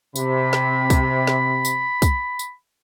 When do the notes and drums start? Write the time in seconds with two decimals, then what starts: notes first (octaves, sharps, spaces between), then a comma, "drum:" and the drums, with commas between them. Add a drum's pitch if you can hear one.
0.16 C3 B5, drum: tambourine
0.53 drum: snare
0.90 drum: kick, tambourine
1.27 drum: snare
1.65 drum: tambourine
2.02 drum: kick, tambourine
2.39 drum: tambourine